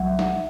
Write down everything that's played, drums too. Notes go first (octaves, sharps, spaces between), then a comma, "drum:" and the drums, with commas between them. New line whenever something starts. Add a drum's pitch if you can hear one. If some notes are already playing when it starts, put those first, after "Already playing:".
Already playing: B1 F#3 E5 F#5
drum: snare